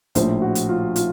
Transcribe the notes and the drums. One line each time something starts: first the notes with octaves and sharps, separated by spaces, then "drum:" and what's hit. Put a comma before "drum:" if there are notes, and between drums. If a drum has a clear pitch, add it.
A#1 A2 F3 C5, drum: kick, hi-hat
F#4
drum: hi-hat
F4
F4, drum: hi-hat